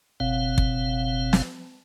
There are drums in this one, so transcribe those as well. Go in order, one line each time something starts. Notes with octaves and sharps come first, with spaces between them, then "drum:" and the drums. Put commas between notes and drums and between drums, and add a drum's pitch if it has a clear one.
F#1 B2 C4 F5
drum: kick
drum: snare